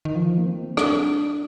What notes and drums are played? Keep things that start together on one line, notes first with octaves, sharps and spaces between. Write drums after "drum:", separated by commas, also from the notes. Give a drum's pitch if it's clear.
D#3
F3
A#3
C4
D4, drum: rim click